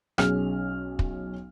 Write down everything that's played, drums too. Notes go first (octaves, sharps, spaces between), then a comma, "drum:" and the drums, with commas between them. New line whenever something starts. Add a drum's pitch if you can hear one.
B1 C#4 G#4 F6, drum: rim click
drum: kick